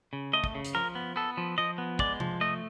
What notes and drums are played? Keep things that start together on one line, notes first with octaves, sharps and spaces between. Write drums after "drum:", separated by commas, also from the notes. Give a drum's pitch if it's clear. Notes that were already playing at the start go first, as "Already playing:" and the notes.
C#3
A3 D#5
drum: kick
C#3
drum: hi-hat
F3 A#4
B3
B3 A4
F3
F3 D#5
B3
G#3 D5, drum: kick
F3, drum: tom C3
A3 D#5